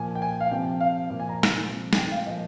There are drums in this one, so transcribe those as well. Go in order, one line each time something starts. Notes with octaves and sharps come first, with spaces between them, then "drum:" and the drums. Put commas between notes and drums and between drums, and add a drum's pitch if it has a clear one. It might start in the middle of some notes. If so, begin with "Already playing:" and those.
Already playing: A#2 F3 G#5
G5
G#5
F5
C3 F3 G5
F5
A#2 F3
G#5
A#5
drum: snare
C3 F3
G#5, drum: snare
G5
F5
A#2 F3 D#5